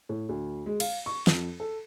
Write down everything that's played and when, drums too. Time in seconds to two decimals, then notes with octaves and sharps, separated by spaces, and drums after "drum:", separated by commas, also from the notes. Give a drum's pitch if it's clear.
0.09 A2
0.29 D2
0.66 G#3
0.80 F5, drum: cymbal
1.06 C#6
1.27 F2, drum: snare
1.60 A4